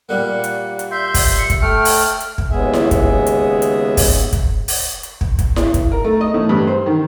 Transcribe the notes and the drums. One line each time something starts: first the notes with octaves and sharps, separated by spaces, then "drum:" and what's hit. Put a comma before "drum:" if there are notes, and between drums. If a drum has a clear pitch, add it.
A#2 G3 A#3 F#5
drum: hi-hat
drum: hi-hat
E5 C6 G6
drum: kick, open hi-hat
C#7
drum: kick, hi-hat
A3 G5 F6
drum: open hi-hat
drum: hi-hat
drum: kick
D#2 C#3 G#3 B3 G#4 E5
drum: snare E4
drum: kick, hi-hat
drum: hi-hat
drum: hi-hat
drum: kick, open hi-hat
drum: kick, hi-hat
drum: open hi-hat
drum: hi-hat
drum: kick
drum: kick, hi-hat
drum: snare E4
drum: kick, hi-hat
A#4
A3
D#5
A2
G2
C5
D#3